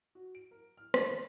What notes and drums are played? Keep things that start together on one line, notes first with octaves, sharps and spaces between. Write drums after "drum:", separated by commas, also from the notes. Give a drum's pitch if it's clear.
F#4
D7
A#4
F6
D#3, drum: rim click
B5